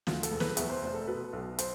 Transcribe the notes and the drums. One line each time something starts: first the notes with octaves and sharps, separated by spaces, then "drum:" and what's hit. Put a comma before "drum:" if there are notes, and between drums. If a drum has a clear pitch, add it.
D2 F4, drum: snare
A4, drum: hi-hat
E1
B4, drum: snare
E2 E5, drum: hi-hat
C5
F1 C5
A4
B2 B4
B1
C5, drum: hi-hat